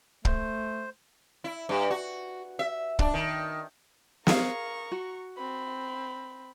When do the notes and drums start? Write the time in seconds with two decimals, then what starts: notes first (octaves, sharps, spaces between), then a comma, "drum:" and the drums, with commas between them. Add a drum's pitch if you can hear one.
0.25 A3 C5, drum: kick
1.44 E4
1.69 G2
1.90 F#4
2.59 E5
2.99 D4, drum: kick
3.14 D#3
4.27 G#4 A#4 F5 A#5 C#6, drum: snare
4.92 F#4
5.37 C4 B5